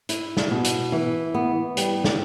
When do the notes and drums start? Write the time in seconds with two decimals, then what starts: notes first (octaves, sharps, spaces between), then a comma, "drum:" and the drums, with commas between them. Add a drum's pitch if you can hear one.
0.09 E4, drum: hi-hat
0.37 drum: snare
0.51 B2
0.65 drum: hi-hat
0.92 E3
1.34 B3
1.77 G3, drum: hi-hat
2.04 drum: snare